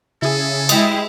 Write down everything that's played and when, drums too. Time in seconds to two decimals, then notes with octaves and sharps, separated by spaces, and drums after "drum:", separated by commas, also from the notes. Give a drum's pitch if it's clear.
0.22 C#3 E4 G#4 A4
0.69 G#3 E4 D#5 G5, drum: cymbal